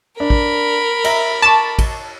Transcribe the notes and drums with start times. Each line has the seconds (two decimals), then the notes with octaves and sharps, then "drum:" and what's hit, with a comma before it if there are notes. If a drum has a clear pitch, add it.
0.20 D4 A#4 B5
0.30 drum: kick
1.04 E5 A#5 A#6, drum: cymbal
1.42 A5 C#6 D6
1.79 drum: kick, cymbal